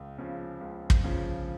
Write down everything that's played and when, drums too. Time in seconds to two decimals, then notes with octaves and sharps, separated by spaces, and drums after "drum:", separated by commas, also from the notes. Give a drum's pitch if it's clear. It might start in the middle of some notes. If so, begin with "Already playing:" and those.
Already playing: C#2
0.18 C#3 F3
0.61 C#2
0.90 drum: kick
1.04 C#3 F3